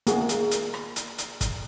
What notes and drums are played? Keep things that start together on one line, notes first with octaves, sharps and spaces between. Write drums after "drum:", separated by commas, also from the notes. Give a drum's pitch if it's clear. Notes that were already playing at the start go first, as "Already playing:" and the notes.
A#3 G#4, drum: hi-hat
drum: hi-hat
drum: hi-hat
drum: rim click
drum: hi-hat
drum: hi-hat
drum: kick, hi-hat